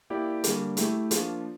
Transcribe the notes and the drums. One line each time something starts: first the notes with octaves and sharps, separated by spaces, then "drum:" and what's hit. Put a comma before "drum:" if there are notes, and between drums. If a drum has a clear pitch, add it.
A#3 E4 G4 D5
D3 G3 A#3, drum: hi-hat
A3 E4 G4, drum: hi-hat
F3 A#3 D4 F4, drum: hi-hat